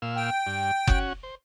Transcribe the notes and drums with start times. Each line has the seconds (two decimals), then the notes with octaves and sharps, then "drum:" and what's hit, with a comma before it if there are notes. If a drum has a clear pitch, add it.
0.02 A#2 F5 E6
0.16 G5
0.47 G2
0.87 C#4 F#4 F#5, drum: kick F#1
1.23 C5